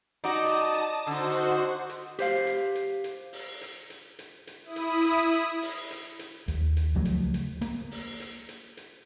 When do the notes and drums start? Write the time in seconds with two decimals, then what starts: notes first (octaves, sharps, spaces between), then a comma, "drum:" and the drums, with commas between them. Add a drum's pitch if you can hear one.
0.24 D#4 F#4 D5 A5 D#6
0.46 drum: hi-hat
0.75 drum: hi-hat
1.07 D3 D#4 F#4 C5
1.32 drum: hi-hat
1.89 drum: hi-hat
2.19 G4 C5 F5, drum: hi-hat
2.47 drum: hi-hat
2.75 drum: hi-hat
3.04 drum: hi-hat
3.33 drum: open hi-hat
3.61 drum: hi-hat
3.90 drum: hi-hat
4.19 drum: hi-hat
4.47 drum: hi-hat
4.64 E4 B5 D#6
4.76 drum: hi-hat
5.05 drum: hi-hat
5.33 drum: hi-hat
5.62 drum: open hi-hat
5.91 drum: hi-hat
6.19 drum: hi-hat
6.48 D#2, drum: hi-hat
6.77 drum: hi-hat
6.95 C#2 F3 F#3 A3
7.05 drum: hi-hat
7.34 drum: hi-hat
7.61 A#3, drum: hi-hat
7.91 drum: open hi-hat
8.20 drum: hi-hat
8.49 drum: hi-hat
8.77 drum: hi-hat